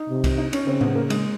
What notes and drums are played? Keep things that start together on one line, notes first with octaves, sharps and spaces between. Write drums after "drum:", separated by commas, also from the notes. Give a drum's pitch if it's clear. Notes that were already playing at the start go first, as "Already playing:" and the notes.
Already playing: D#4
C3
drum: kick C2, cymbal
D#4
C#4, drum: cymbal
C#3 C4
B3, drum: tom A2
A#3
G#3, drum: cymbal